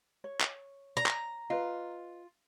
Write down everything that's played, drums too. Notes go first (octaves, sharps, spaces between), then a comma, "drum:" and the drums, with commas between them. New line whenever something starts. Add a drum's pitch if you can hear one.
C#5
drum: clap
A#5
drum: clap
F4 B4 D#5